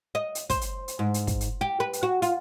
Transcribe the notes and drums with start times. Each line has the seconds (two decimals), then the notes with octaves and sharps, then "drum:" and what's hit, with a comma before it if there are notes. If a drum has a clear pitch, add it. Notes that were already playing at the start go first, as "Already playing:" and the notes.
0.15 D#5
0.35 drum: hi-hat
0.50 C5, drum: kick, hi-hat
0.61 drum: hi-hat
0.88 drum: hi-hat
0.99 G#2
1.14 drum: hi-hat
1.27 drum: kick, hi-hat
1.41 drum: hi-hat
1.61 G4
1.80 B4
1.93 drum: hi-hat
2.03 F#4
2.22 F4, drum: hi-hat